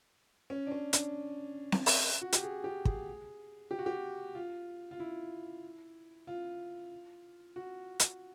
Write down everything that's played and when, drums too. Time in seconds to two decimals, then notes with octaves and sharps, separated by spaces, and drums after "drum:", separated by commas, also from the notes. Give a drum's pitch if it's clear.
0.50 C#4
0.67 D4
0.71 C#4
0.93 D4, drum: hi-hat
1.72 drum: snare C4
1.86 drum: open hi-hat
2.21 F#4
2.33 G4, drum: hi-hat
2.43 G#4
2.64 G4
2.85 G#4, drum: kick
3.71 G4
3.79 F#4
3.86 G4
4.35 F4
4.91 F4
5.00 E4
6.27 F4
7.56 F#4
8.00 drum: hi-hat